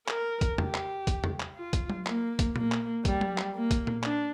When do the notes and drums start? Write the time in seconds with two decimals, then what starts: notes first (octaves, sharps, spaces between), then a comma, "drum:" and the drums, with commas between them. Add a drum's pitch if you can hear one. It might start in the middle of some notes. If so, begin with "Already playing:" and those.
0.08 A#4, drum: clap
0.41 drum: kick, hi-hat
0.58 G4, drum: tom E2
0.74 drum: clap
1.07 drum: kick, hi-hat
1.24 drum: tom E2
1.40 drum: clap
1.56 F4
1.73 drum: kick, hi-hat
1.90 drum: tom F#3
2.06 A#3, drum: clap
2.39 drum: kick, hi-hat
2.56 A#3, drum: tom A#2
2.72 drum: clap
3.05 G3, drum: kick, hi-hat
3.21 drum: tom F#3
3.38 drum: clap
3.55 A#3
3.71 drum: kick, hi-hat
3.87 drum: tom A#2
4.03 D4, drum: clap